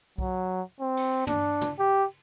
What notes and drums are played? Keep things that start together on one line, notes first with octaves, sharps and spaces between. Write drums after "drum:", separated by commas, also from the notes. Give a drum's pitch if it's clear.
F#3, drum: kick B1
C4
drum: cymbal
D4, drum: tom
drum: tom
G4